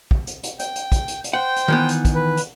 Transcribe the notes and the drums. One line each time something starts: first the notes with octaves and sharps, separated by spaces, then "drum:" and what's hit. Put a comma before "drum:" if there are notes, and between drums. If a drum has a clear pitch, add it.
drum: kick
drum: hi-hat
drum: hi-hat
G5, drum: hi-hat
drum: hi-hat
drum: kick, hi-hat
drum: hi-hat
drum: hi-hat
C5 F#5 G5
drum: hi-hat
D#3 E3 B3
drum: hi-hat
drum: kick, hi-hat
B4
drum: hi-hat